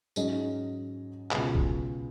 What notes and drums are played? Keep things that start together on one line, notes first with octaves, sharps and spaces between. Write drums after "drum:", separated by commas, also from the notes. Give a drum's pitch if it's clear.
G#2 F#3 C#4 G#4 D#5, drum: tambourine
C#2 B2 G#3, drum: clap
drum: kick A#1